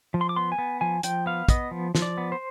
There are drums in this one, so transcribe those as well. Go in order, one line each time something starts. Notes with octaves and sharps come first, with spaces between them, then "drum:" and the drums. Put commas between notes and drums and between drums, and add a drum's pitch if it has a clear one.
F3
C6
D6
B3 C6
G#5
B3
F3 G#5
F3 G5, drum: hi-hat
B3 F5
B3 D#5, drum: kick, hi-hat
F3
F3, drum: snare
D5
B3
C5